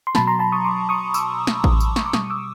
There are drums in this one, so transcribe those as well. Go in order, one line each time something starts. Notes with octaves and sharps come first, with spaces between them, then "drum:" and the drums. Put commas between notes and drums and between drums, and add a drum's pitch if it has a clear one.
C6
B2 F#3 A5 B5, drum: snare
A#5 C6
A5 B5
C#6 D#6
C6 D6
C#6 D#6
D6 E6, drum: tambourine
drum: snare
drum: kick A1
drum: tambourine
C#6, drum: snare
D6
B2 G3 C#6 D#6, drum: snare
D6 E6